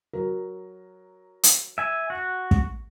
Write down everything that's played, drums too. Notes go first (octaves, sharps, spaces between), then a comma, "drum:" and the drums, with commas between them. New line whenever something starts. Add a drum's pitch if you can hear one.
F#3 A#4
drum: hi-hat
E5 G#5
F#4
drum: kick